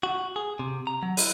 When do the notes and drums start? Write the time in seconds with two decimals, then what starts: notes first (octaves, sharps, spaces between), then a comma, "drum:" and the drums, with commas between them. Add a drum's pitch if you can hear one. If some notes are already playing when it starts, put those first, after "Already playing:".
0.03 F#4
0.36 G#4
0.59 C3
0.87 A#5
1.03 F#3
1.17 E4, drum: open hi-hat